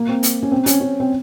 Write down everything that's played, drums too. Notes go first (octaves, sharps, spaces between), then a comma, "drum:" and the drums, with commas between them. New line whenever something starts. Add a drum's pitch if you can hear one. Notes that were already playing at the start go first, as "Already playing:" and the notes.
Already playing: A#3
C4
drum: hi-hat
C#4
C4
C#4, drum: hi-hat
C#4
C4